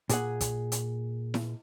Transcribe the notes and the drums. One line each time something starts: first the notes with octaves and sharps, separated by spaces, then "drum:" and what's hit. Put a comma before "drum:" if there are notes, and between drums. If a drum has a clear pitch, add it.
A#2 G#4 F#5, drum: hi-hat
drum: kick, hi-hat
drum: hi-hat
drum: snare E4